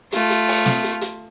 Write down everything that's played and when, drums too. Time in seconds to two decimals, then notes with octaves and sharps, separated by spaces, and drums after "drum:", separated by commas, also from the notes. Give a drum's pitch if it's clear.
0.12 A3 F4, drum: hi-hat
0.30 drum: hi-hat
0.48 drum: open hi-hat
0.66 drum: snare
0.84 drum: hi-hat
1.01 drum: hi-hat